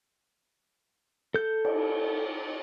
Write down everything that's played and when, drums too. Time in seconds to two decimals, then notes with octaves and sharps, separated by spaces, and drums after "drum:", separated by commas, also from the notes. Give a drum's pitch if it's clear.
1.34 A4 G6
1.65 drum: cymbal